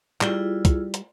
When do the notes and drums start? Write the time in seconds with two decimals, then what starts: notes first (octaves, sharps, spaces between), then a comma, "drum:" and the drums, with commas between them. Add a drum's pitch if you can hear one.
0.21 G3 E4 F4 G#4, drum: clap
0.65 drum: kick, hi-hat
0.94 drum: hi-hat